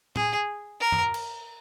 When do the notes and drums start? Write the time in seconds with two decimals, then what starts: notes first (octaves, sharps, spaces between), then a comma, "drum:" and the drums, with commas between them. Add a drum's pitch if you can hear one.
0.16 G#4, drum: tom A2
0.81 A#4
0.92 drum: tom F#2
1.14 drum: cymbal